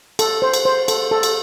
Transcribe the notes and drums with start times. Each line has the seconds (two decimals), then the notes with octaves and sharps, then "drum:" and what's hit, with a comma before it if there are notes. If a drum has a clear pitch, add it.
0.19 A4, drum: cymbal
0.42 C5
0.54 drum: cymbal
0.65 C5
0.88 A4, drum: cymbal
1.11 A4
1.23 drum: cymbal